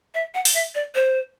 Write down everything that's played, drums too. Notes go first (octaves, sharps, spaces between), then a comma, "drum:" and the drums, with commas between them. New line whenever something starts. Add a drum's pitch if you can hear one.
E5
F#5
drum: open hi-hat
E5
D5
C5